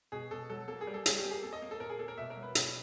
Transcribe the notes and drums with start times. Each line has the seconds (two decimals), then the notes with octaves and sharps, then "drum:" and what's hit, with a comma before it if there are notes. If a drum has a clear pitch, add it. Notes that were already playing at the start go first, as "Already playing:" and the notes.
0.12 B2 G#4
0.31 B2 A4
0.50 F#3 A4
0.68 A#3 A4
0.81 G#4
0.87 G3
0.94 A4
1.06 G3 G#4, drum: hi-hat
1.18 G4
1.24 A#3
1.31 G#4
1.43 A#3 A4
1.53 D#5
1.62 A#3
1.71 A4
1.80 A#2 A#4
1.90 G#4
1.99 A#3 A4
2.08 A#4
2.18 B2 E5
2.30 A#4
2.36 F#3
2.43 B4
2.55 B2, drum: hi-hat